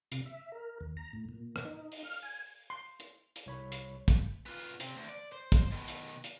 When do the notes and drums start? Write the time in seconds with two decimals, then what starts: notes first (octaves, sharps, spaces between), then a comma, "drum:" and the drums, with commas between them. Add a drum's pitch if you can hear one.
0.12 C3, drum: hi-hat
0.26 E5
0.52 A#4
0.81 D#2
0.97 A#5
1.13 A2
1.29 A#2
1.56 drum: rim click
1.65 D#4
1.92 drum: open hi-hat
2.04 F6
2.23 G#5
2.70 C6
3.00 drum: hi-hat
3.36 drum: hi-hat
3.46 C2 C#5 B5
3.72 drum: hi-hat
4.08 drum: kick, hi-hat
4.46 B3 F4
4.80 C3 C4, drum: hi-hat
4.96 D2
5.09 D5
5.32 C5
5.52 drum: kick, hi-hat
5.71 B2 D#3
5.88 drum: hi-hat
6.24 drum: hi-hat